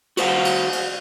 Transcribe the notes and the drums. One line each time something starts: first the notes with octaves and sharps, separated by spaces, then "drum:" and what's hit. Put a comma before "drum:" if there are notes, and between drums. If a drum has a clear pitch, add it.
F#4 C5 F5 F#5, drum: cymbal
drum: cymbal
drum: cymbal